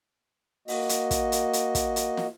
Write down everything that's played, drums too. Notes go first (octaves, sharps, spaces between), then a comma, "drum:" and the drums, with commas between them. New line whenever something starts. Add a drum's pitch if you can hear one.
A#3 F#4 D#5, drum: open hi-hat
drum: hi-hat
drum: kick, hi-hat
drum: hi-hat
drum: hi-hat
drum: kick, hi-hat
drum: hi-hat
drum: snare